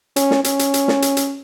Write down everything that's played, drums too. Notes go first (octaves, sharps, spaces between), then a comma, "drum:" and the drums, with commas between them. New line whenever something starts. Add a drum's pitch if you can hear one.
C#4, drum: hi-hat
drum: snare
C#4, drum: hi-hat
drum: hi-hat
drum: hi-hat
drum: snare
drum: hi-hat
drum: hi-hat